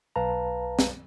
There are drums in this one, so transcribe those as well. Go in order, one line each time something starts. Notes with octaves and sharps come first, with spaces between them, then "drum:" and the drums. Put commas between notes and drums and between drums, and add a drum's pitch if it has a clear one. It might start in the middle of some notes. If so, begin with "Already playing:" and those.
B1 B4 F5 A5 A#5
drum: snare